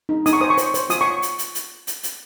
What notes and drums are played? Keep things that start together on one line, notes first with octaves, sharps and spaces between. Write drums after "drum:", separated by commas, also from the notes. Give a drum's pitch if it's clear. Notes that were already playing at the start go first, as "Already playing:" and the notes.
D#4
D#4 D#6, drum: hi-hat
C#6
C5 D#6
C#6
C5, drum: hi-hat
C5, drum: hi-hat
F4 D#6, drum: hi-hat
C#6
drum: hi-hat
drum: hi-hat
drum: hi-hat
drum: hi-hat
drum: hi-hat